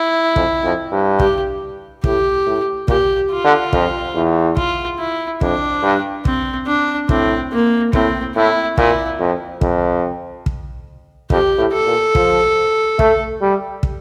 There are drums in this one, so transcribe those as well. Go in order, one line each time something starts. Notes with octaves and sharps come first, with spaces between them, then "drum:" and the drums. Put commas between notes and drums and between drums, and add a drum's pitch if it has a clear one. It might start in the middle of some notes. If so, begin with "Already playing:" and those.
Already playing: E4
F2, drum: kick
F2
G2
G4, drum: kick
A2 G4, drum: kick
A2
A#2 G4, drum: kick
F4
D3
F2, drum: kick
E2
F4, drum: kick
E4
F2 D4, drum: kick
G2
C4, drum: kick
D4
A2 C4, drum: kick
A#3
A2 C4, drum: kick
A2 E4
A#2 E4, drum: kick
F2
F2, drum: kick
drum: kick
F2 G4, drum: kick
A2
A4
A#2
F3, drum: kick
A3, drum: kick
G3
drum: kick